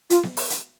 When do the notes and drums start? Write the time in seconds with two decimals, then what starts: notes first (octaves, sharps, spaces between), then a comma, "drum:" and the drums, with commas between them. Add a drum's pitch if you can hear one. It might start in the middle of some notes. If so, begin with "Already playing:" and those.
0.10 F4, drum: hi-hat
0.23 drum: snare B3
0.37 drum: open hi-hat
0.50 drum: hi-hat